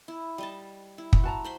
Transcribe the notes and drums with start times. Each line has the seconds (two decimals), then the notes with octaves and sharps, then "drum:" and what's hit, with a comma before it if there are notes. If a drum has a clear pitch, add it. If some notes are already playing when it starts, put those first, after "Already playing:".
0.08 E4
0.38 G3 D#5 A5
0.98 E4
1.13 drum: kick
1.23 F#4 A5 A#5
1.44 C5 B5 C6